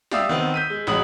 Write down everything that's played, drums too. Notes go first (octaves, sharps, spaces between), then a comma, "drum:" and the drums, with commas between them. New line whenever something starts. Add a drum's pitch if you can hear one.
G4 D5 E5 F5 D#6 E6, drum: snare
D#3 B3 C4
G6 B6 D#7
G#3
A1 F#3 G#3 D#6 F#7, drum: snare